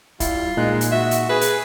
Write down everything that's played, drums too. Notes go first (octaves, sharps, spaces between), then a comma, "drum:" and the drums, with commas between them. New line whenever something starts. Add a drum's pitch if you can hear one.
G3 E4 F4, drum: kick, hi-hat
A#2 G#3 D#4 F#6
drum: hi-hat
F#4 E5
drum: hi-hat
G#4 B4
drum: hi-hat